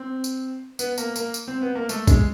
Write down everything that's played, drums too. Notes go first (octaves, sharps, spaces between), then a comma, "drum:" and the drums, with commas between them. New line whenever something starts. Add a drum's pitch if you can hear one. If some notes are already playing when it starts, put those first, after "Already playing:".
Already playing: C4
drum: tambourine
B3, drum: tambourine
A#3, drum: tambourine
A#3, drum: tambourine
drum: tambourine
C4
B3
A#3
A3, drum: tambourine
G#3, drum: kick A#1, tambourine